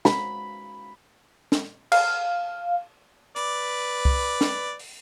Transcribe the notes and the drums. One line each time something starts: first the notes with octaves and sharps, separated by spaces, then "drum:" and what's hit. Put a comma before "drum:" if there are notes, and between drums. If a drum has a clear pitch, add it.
B5, drum: snare
drum: snare
F5, drum: cymbal
B4 D5, drum: hi-hat
drum: kick C2
drum: snare
drum: open hi-hat